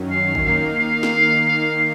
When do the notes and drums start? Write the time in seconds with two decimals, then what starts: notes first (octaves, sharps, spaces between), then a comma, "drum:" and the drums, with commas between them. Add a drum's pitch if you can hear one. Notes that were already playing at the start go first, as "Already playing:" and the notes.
Already playing: F#2 D#3 F#3 C#4
0.11 F5
0.35 drum: kick
0.45 D#3 A#3 D#4 F5
0.79 F5
1.03 drum: snare
1.48 F5